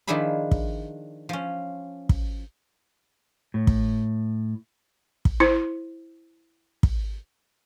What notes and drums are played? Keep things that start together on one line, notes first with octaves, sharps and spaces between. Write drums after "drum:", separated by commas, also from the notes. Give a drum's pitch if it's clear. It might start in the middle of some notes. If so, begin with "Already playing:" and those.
D#3 F3 D4 E4 G#4 B5
drum: kick
F3 C#4
drum: kick
A2
drum: kick
drum: kick
E4 C5
drum: kick